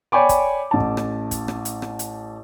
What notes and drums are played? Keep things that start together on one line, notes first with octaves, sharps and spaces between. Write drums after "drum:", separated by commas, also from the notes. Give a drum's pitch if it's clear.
C#5 D5 G5 G#5 B5 D6
drum: kick, hi-hat
A1 A5
drum: kick
drum: rim click
drum: kick, hi-hat
drum: rim click
drum: hi-hat
drum: rim click
drum: hi-hat